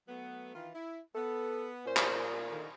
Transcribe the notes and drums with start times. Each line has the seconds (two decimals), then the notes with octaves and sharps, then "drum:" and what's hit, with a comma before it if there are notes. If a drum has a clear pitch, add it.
0.08 F#3 A3 B3
0.54 D#3 E3 F4
0.74 E4
1.14 B3 A4
1.86 A#2 C#4 C5
1.97 drum: clap
2.50 D3 D#3